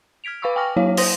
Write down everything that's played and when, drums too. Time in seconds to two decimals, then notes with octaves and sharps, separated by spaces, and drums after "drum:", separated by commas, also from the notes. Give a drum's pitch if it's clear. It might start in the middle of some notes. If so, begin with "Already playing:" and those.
0.24 F6 G#6 B6 D7 F7
0.42 B4 F5 B5 C#6 D6 E6
0.56 G5 G#5 C#6 D6 F6 A#6
0.76 F#3 A#3 E4 C#5 F5
0.97 C5 C6 D#6 A#6 F#7 G7, drum: open hi-hat